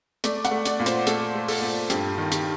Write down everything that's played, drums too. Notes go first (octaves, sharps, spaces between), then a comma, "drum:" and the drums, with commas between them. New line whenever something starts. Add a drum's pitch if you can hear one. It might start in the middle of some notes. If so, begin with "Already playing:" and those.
A3 D5, drum: hi-hat
F#5, drum: hi-hat
A3
D5, drum: hi-hat
A#2
C5, drum: hi-hat
A3 A4, drum: hi-hat
A3
A4, drum: open hi-hat
A#2
G2 G4, drum: hi-hat
D#3
G4, drum: hi-hat